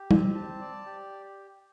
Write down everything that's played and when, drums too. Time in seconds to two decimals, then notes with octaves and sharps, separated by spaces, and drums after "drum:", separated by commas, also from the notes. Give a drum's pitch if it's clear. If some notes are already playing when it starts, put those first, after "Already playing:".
Already playing: G4
0.11 C4, drum: tom
0.35 A5
0.61 D5
0.86 G4